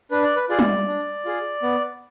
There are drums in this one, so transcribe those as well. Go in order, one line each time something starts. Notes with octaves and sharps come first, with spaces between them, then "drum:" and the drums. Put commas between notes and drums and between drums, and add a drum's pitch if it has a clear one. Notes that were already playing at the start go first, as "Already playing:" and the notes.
D4 B4
D5
B4
F4 G#4 D5
drum: tom G3
D4
F4 G#4
B3